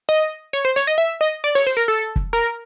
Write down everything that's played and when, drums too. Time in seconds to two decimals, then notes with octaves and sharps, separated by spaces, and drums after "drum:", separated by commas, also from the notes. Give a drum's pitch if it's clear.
0.09 D#5
0.53 C#5
0.65 C5
0.76 C#5, drum: hi-hat
0.87 D#5
0.98 E5
1.21 D#5
1.44 D5
1.55 C#5, drum: open hi-hat
1.67 C5
1.77 A#4
1.88 A4
2.16 drum: kick
2.33 A#4